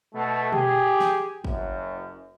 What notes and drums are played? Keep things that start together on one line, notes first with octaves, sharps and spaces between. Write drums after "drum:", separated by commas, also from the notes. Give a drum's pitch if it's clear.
B2 A3
G4 G#4, drum: tom B2
drum: snare
F#1 F#2, drum: kick